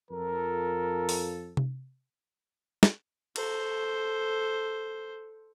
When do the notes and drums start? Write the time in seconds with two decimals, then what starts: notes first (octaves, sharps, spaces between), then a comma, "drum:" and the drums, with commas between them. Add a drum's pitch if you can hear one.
0.11 F2 F3 A4 A#4
1.09 drum: open hi-hat
1.57 drum: tom C3
2.83 drum: snare
3.36 A4 C5, drum: cymbal